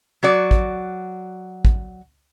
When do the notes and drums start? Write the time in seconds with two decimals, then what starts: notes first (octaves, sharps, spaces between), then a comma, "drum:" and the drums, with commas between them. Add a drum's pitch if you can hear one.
0.23 F#3 F#4 D5
0.51 drum: kick A1
1.65 drum: kick A1